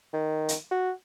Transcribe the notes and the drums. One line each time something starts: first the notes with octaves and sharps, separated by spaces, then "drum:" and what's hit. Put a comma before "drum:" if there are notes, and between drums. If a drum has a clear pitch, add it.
D#3
drum: hi-hat
F#4